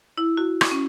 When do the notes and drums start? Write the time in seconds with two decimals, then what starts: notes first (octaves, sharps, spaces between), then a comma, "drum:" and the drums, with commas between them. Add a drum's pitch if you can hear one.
0.18 E4
0.37 F#4
0.61 drum: rim click
0.71 C#4